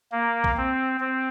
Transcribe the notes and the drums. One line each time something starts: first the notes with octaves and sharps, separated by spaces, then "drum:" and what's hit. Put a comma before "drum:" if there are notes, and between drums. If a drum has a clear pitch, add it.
A#3
drum: kick
C4
C4